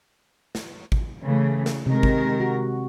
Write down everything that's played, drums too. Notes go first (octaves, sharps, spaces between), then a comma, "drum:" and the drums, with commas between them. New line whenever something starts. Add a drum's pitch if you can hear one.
drum: snare
drum: kick G#1
C#3 E3 A3
drum: snare
C3 D#3 G#3 A#4
drum: kick G#1
F#4